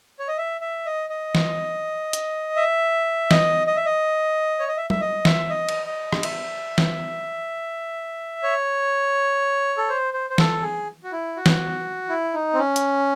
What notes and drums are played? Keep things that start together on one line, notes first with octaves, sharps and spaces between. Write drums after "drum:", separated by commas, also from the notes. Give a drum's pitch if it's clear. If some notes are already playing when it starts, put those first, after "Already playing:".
C#5
D#5
E5
E5
D#5
D#5
drum: snare
drum: hi-hat
E5
D#5, drum: snare
D#5
E5
D#5
C#5
D#5
E5
E5, drum: tom F#3
D#5
E5, drum: snare
D#5
drum: cymbal
D#5
drum: rim click
E5, drum: cymbal
drum: snare
C#5
A4
C5
C5
C5
A4, drum: snare
G#4
F#4
E4
F#4
drum: snare
E4
D#4
C4
C#4
drum: hi-hat